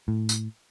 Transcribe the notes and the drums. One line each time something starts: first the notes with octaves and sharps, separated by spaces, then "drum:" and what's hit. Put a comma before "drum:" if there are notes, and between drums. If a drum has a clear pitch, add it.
A2
drum: tambourine